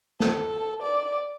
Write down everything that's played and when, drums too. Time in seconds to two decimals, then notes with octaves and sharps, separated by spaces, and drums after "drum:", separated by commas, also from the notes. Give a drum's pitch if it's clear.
0.20 A4, drum: snare
0.83 D5